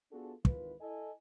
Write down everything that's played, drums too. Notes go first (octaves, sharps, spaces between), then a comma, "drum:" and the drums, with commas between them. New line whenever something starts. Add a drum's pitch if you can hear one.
B3 D4 F4 F#4 G#4 A4
G#1 D#3 E3 F4 B4, drum: kick
E4 A4 D#5 G#5